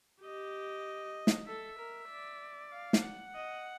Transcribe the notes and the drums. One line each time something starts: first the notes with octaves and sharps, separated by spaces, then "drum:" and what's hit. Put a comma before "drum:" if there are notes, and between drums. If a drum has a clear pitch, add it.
G4 D#5
drum: snare
A4 E5
A#4
D5
F5
drum: snare
F#5
D#5